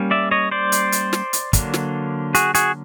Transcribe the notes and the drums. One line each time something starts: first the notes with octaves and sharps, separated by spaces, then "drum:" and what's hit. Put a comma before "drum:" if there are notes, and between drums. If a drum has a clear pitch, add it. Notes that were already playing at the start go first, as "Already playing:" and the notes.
Already playing: G3 A#3 C#4
D5 E5
C#5 D#5
C5 D5
drum: hi-hat
drum: hi-hat
drum: snare
drum: hi-hat
D3 F#3 A#3 D4, drum: kick, hi-hat
drum: snare
F#4 G#4, drum: hi-hat
F#4 G#4, drum: hi-hat